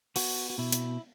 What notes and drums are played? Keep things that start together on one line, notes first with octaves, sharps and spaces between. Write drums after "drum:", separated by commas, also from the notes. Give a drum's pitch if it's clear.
B3 F#4, drum: open hi-hat
F#4
B2 E4
drum: hi-hat